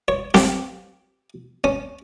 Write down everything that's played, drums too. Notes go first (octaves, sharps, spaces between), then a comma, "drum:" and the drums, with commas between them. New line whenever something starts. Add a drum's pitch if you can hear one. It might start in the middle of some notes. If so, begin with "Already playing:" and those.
C#5
G4, drum: snare C4
C#4